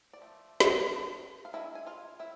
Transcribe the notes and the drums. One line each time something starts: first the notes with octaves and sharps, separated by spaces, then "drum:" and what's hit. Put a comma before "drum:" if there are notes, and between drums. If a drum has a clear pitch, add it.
D5
F3 A3
drum: snare
D5
F3 A3 C5
F5
G#3 D4 E4 E5
G#5
F4 F5
C4 E4 E5